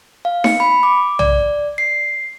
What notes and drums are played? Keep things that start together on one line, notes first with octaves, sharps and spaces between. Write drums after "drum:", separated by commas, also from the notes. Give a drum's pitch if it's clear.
F5
C#7, drum: snare D#4
B5
D6
D5, drum: tom B1
C7